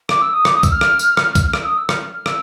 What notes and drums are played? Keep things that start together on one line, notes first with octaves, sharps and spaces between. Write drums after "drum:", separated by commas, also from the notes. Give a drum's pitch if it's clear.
D6, drum: rim click
E6
D#6
D6, drum: rim click
D#6
E6, drum: kick C2, tambourine
F6
drum: rim click
drum: tambourine
drum: rim click
drum: kick C2, tambourine
F6
E6, drum: rim click
D#6
E6
F6, drum: rim click
F6
E6, drum: rim click